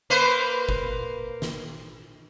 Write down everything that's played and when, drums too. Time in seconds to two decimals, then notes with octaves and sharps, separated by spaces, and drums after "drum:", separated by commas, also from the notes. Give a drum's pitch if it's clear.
0.10 A#3 B4 C5
0.69 drum: kick F#1
1.42 drum: snare